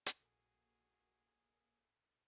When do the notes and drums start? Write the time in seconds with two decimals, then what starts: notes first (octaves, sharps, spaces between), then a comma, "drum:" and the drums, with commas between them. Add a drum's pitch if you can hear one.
0.06 drum: hi-hat
0.20 A#1 A#3 F#4 G#4 A4 E6